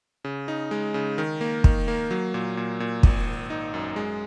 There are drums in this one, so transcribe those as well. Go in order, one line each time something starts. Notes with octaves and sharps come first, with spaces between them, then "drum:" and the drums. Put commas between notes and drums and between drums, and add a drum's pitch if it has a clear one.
C#3
D#4
G#3
C#3
D#3
A#3
D#3, drum: kick
A#3
F#3
A#2
A#2
A#2
G#1, drum: kick
G#1
D#4
F#2
G#3